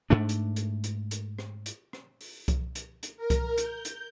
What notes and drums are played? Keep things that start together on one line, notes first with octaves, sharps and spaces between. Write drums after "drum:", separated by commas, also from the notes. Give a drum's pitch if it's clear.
G#2 A3 D4
drum: hi-hat
drum: hi-hat
drum: hi-hat
drum: hi-hat
drum: rim click
drum: hi-hat
drum: rim click
drum: open hi-hat
drum: kick C2, hi-hat
drum: hi-hat
drum: hi-hat
A#4
drum: kick C2, hi-hat
G6, drum: hi-hat
drum: hi-hat